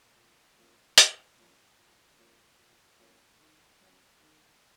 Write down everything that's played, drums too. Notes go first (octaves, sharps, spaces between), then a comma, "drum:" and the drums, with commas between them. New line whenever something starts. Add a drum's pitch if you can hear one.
A#2
F3 A#3 C#4 F4
A#2, drum: hi-hat
F3 A#3 C#4 F4
A#2
F3 A#3 C#4 F4
A#2
F3 A#3 C#4 F4
D#3
F#3 C#4
D#3